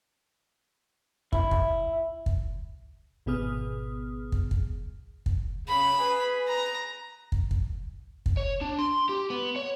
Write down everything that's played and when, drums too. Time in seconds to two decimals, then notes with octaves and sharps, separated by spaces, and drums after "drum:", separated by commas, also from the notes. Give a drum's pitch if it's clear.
1.33 E4, drum: kick
1.51 drum: kick
2.26 drum: kick
3.26 G#1 B2 B3 G#4 D#6 F6
4.32 drum: kick
4.51 drum: kick
5.26 drum: kick
5.68 C#3 B5
5.98 G#4 B4
6.47 A#5
7.32 drum: kick
7.51 drum: kick
8.26 drum: kick
8.37 C#5
8.61 D4
8.78 C6
9.09 G4
9.30 B3
9.56 C#5